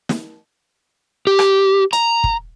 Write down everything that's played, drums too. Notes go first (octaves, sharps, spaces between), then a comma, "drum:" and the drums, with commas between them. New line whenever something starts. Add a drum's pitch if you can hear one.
drum: snare
G4
drum: rim click
A#5, drum: hi-hat
drum: kick